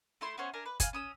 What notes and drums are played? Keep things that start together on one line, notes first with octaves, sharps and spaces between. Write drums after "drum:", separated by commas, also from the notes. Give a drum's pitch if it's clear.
A3 E4 C6
B3 C#4 C5 C#5
D4 A#4 G#5
B4
F5 G#5, drum: kick, hi-hat
C#4 D#6 E6